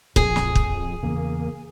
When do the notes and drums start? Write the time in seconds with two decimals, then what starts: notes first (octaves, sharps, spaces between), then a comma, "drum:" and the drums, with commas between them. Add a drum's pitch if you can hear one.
0.16 A#1 F2 A#2 G#4, drum: kick
0.36 drum: snare
0.55 drum: kick
1.03 E2 C#3 A#3